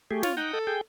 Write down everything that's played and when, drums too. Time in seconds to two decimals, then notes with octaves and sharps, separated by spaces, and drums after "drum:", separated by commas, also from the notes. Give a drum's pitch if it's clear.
0.11 A3 G4 G#4
0.23 F4 C#5, drum: snare
0.37 D#4 D#5 F#5 G5
0.53 A4
0.67 G#4 G5